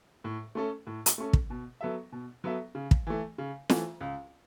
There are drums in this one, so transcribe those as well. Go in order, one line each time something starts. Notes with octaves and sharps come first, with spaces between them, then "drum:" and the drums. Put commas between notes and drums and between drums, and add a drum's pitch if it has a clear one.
A2
A3 C#4 A4
A2
drum: hi-hat
A3 C#4 A4
drum: kick
B2
F#3 B3 A4 E5
B2
F#3 B3 A4 E5
C#3
drum: kick
E3 A3
C#3
E3 A3, drum: snare
C#2